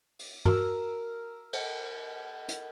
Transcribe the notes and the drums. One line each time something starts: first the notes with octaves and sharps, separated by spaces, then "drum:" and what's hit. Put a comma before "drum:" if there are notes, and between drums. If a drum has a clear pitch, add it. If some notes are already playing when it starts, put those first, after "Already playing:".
drum: open hi-hat
F#4 A#4 E6, drum: tom
drum: cymbal
drum: hi-hat